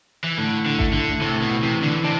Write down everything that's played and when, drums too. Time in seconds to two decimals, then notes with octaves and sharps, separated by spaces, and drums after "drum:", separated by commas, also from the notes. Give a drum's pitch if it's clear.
0.24 E3
0.38 A2 D3
0.66 D3
0.79 A3, drum: kick G#1
0.93 D3
1.21 A2 C3
1.41 B2
1.63 C3 E3
1.83 D3
2.04 C3 D4